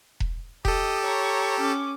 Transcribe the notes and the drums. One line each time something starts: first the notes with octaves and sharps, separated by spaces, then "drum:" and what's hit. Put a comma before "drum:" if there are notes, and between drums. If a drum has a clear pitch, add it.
drum: kick E1
G4 A4 D#5, drum: kick E1
C#5 A#5
C#4 D6